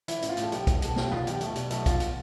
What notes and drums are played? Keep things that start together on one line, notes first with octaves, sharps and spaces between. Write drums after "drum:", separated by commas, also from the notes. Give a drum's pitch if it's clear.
E3 E4, drum: hi-hat
A1, drum: hi-hat
F4
A2, drum: hi-hat
A4
B1 G4, drum: hi-hat
B1, drum: kick B1, hi-hat
B2 A4, drum: hi-hat
B1 G4, drum: snare
B2 F4, drum: tom E2
B1 G4, drum: hi-hat
B2 A3, drum: hi-hat
B2 G3, drum: hi-hat
B1 A3, drum: hi-hat
B1 F4, drum: kick B1, hi-hat
B2, drum: hi-hat